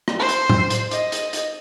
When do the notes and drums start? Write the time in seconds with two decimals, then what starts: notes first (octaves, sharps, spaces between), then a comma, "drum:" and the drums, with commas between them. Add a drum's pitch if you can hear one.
0.08 drum: rim click
0.19 C5
0.29 drum: hi-hat
0.49 drum: tom A2
0.70 drum: hi-hat
0.91 D#5, drum: hi-hat
1.12 drum: hi-hat
1.33 drum: hi-hat